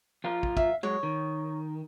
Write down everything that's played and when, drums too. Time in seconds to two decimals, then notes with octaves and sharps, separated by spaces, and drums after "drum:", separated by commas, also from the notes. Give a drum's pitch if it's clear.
0.24 F3 F4 A#4
0.43 drum: kick
0.57 E5 F5, drum: kick
0.83 F#3 G#3 C#5
1.03 D#3